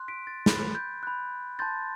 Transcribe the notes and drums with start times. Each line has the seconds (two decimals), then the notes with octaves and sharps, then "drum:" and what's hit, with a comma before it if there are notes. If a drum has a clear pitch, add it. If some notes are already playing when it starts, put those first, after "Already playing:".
Already playing: C6 F#6
0.08 B6 D7
0.27 A6
0.46 B5 F#6 A6, drum: snare
0.75 G6
1.03 B5 F#6
1.59 A5 C6 G6 A6